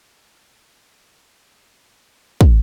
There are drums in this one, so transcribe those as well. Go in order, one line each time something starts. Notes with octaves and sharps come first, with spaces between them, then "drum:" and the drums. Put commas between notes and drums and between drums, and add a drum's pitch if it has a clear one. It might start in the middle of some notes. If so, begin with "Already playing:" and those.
D3
E3
F3
F#3
G3
drum: kick